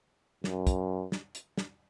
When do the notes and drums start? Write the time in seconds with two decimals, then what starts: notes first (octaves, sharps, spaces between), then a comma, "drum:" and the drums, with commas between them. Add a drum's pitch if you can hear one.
0.44 F#2, drum: snare
0.67 drum: kick, hi-hat
1.12 drum: snare
1.35 drum: hi-hat
1.57 drum: snare